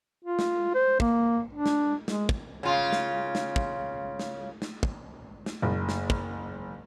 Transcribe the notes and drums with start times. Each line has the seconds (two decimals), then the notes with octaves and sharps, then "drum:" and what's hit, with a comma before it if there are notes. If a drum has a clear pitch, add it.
0.25 F4
0.39 drum: snare
0.75 C5
1.00 A#3, drum: kick
1.53 D4
1.66 drum: snare
2.08 G#3, drum: snare
2.29 drum: kick
2.63 C#3 F4
2.93 drum: snare
3.35 drum: snare
3.56 drum: kick
4.19 drum: snare
4.62 drum: snare
4.83 drum: kick
5.46 drum: snare
5.62 F#1
5.89 drum: snare
6.10 drum: kick